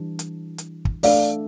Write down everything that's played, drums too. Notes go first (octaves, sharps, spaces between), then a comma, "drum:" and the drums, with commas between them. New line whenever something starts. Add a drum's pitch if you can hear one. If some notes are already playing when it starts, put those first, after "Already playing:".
Already playing: E3 G3 D4
drum: hi-hat
drum: hi-hat
drum: kick
A3 D4 A4 D5 F5, drum: open hi-hat